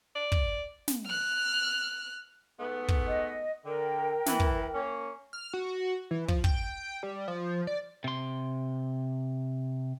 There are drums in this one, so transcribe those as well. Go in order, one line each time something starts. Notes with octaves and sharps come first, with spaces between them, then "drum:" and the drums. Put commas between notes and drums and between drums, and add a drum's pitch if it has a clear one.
D5
drum: kick
drum: snare
F6 F#6
G#2 A3 B3
drum: kick
D#5
D3 A#4 G5
E3, drum: snare
drum: kick
A#3 C#4
F6
F#4
E3
F3, drum: kick
G5, drum: kick
G3
F3
D5
C3 C6